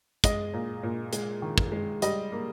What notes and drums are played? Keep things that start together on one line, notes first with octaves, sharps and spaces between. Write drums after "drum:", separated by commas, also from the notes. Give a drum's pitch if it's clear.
G#3 D#5, drum: kick, hi-hat
A#2
A#2
G#3, drum: hi-hat
D#3
drum: kick
G#3
G3 D#5, drum: hi-hat
A#3